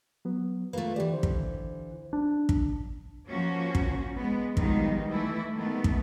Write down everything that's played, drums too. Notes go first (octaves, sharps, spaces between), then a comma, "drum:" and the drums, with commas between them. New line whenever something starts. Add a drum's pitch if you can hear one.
F#3 B3
A3 A#3 F4 B4
D3 E3 G4 D5
C5
drum: kick
D4
drum: kick
F3 A#3 C#4 F#4
drum: kick
G#3 B3
D#3 F3 G3 G#3 B3 D#4, drum: kick
E3 A3 E4
D#3 G3 A3 B3
drum: kick